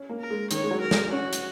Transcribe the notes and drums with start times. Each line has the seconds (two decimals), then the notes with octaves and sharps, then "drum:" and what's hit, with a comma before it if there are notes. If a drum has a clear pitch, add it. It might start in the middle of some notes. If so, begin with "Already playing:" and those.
Already playing: C#4
0.10 A#3
0.21 A#4
0.30 G#3
0.51 D#3 C#5, drum: hi-hat
0.64 G#3
0.71 F#3
0.81 A#4
0.91 G#3, drum: snare
1.12 C#4 F#4
1.33 drum: hi-hat